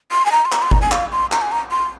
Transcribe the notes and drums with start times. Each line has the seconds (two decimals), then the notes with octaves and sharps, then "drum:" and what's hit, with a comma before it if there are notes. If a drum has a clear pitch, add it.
0.12 C6
0.26 G#5
0.32 A#5
0.45 C6
0.52 A#5, drum: clap
0.62 C6
0.71 A#5, drum: kick G1
0.81 G#5
0.91 F5, drum: clap
1.12 C6
1.32 A#5, drum: clap
1.42 G#5
1.52 A#5
1.71 C6